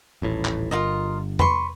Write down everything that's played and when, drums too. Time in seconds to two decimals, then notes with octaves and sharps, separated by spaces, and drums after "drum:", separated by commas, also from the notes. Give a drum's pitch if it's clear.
0.22 D#1 A1 A2
0.45 drum: clap
0.71 G1 F4 A#4 D#5
1.39 B4 C6 C#6, drum: tom E2